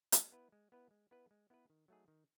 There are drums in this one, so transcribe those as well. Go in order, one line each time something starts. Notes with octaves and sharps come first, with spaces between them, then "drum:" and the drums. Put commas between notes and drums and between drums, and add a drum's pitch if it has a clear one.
G#3, drum: hi-hat
B3 E4 B4
G#3
B3 E4 B4
G#3
B3 E4 B4
G#3
B3 E4 B4
D#3
F#3 A3 D#4 G#4
D#3